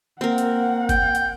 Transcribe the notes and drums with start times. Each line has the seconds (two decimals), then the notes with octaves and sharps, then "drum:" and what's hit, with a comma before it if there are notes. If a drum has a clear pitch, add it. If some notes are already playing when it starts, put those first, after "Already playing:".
0.21 A#3 C4 A#4 F#5
0.38 drum: hi-hat
0.89 G5, drum: kick G1, hi-hat
1.15 drum: hi-hat